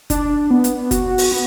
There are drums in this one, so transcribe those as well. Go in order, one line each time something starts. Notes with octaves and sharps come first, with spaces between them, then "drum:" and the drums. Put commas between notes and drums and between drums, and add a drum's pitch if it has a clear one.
D4, drum: kick F#1, hi-hat
B3
drum: hi-hat
F#4, drum: kick F#1, hi-hat
drum: open hi-hat
B3